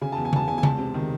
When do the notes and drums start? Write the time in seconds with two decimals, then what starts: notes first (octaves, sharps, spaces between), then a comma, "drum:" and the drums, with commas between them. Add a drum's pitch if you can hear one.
0.01 C#3 G#5
0.12 E2 A5
0.25 G#5
0.33 E2 A5, drum: tom C#3
0.48 E2 G#5
0.58 G#5
0.63 C#2 A5, drum: tom C#3
0.78 C3
0.94 D#3